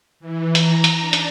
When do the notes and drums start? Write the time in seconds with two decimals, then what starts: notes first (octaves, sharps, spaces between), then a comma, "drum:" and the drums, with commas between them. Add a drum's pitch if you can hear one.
0.20 E3
0.55 A#5, drum: hi-hat
0.84 drum: hi-hat
1.00 D4
1.13 drum: hi-hat